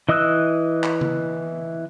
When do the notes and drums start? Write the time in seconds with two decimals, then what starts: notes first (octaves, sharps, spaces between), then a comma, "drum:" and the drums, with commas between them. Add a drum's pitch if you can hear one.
0.09 E3 D#5 D#6 E6 F#6
0.84 drum: clap
1.01 drum: tom C#3